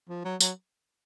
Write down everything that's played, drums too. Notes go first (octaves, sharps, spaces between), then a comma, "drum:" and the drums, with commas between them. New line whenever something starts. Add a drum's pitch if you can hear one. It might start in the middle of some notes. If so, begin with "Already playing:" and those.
F3
F#3
F#3, drum: tambourine